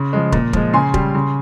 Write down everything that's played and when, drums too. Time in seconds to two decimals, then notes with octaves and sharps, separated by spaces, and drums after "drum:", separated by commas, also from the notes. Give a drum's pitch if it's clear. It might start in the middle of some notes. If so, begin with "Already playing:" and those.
Already playing: C#3 C6
0.13 F3 G#3
0.32 A#2, drum: kick
0.53 F3 G#3, drum: kick
0.74 C#3 G#5 C6
0.94 G3, drum: kick
1.15 C#3